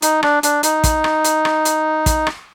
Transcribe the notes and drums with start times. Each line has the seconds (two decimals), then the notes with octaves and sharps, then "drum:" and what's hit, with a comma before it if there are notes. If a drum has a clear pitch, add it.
0.02 D#4, drum: hi-hat
0.23 D4, drum: rim click
0.43 D4, drum: hi-hat
0.63 D#4, drum: hi-hat
0.84 drum: kick, hi-hat
1.04 drum: rim click
1.24 drum: hi-hat
1.45 drum: rim click
1.65 drum: hi-hat
2.06 drum: kick, hi-hat
2.27 drum: rim click